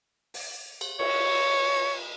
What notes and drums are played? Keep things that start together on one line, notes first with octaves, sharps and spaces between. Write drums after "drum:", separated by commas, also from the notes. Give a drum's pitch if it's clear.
drum: open hi-hat
drum: cymbal
C#5, drum: cymbal